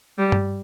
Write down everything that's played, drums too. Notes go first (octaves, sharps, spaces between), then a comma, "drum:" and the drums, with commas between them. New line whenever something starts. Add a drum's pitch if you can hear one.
G3
drum: tom G2